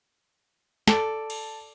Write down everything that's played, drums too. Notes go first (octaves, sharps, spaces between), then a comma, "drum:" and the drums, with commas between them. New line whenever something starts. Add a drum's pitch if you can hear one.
A4 D5 A5, drum: snare
drum: cymbal